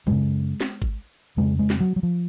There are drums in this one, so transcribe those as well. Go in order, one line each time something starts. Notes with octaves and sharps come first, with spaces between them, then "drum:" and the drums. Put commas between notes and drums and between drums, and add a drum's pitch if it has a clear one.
F#2 C#3 G#3, drum: tom
drum: snare
drum: kick
F2 C#3 G#3
G#3
drum: snare
F#3
F#3
F3